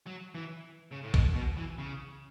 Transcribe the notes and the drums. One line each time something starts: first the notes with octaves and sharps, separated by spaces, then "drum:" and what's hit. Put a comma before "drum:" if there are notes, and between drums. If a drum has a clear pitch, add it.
F#3
E3
C#3
A2
B2, drum: kick A#1
B2
E3
C#3